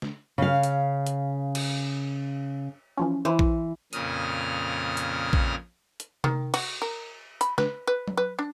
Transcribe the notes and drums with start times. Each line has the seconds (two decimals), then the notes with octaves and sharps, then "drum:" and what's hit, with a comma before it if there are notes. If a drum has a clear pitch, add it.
0.02 drum: snare
0.38 C#3 F5
0.63 drum: hi-hat
1.06 drum: hi-hat
1.55 drum: cymbal
2.97 E3 F3 C#4
3.25 E3 E4 B4 C5
3.39 drum: kick A#1
3.93 F2 A#2 C#3 D#6 F6, drum: hi-hat
4.97 drum: hi-hat
5.33 drum: kick A#1
6.00 drum: hi-hat
6.24 D#3, drum: tom C3
6.54 F#4, drum: cymbal
6.82 A#4
7.41 B5, drum: hi-hat
7.58 B4, drum: snare
7.87 B4
8.08 drum: tom F#3
8.17 B4
8.39 D4